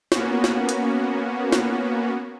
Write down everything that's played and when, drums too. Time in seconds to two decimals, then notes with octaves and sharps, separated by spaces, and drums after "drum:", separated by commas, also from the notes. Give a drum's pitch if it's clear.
0.12 A#3 B3 C#4 F#4, drum: snare
0.44 drum: snare
0.69 drum: hi-hat
1.52 drum: snare